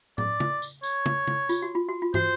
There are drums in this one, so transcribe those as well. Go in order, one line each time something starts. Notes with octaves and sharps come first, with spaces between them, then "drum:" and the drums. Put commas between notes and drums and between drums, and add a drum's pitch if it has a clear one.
D5, drum: tom
drum: tom
drum: tambourine
C#5, drum: tambourine
drum: tom
drum: tom
F4, drum: tambourine
F#4
F4
F#4
F4
F#4 C5, drum: tom